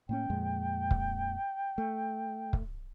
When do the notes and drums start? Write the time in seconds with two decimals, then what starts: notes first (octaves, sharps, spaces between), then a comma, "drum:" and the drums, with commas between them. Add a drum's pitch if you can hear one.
0.09 A2 A#3 C#4 G5
0.30 F2 A#2 G#3
0.91 drum: kick
1.78 A3
2.53 drum: kick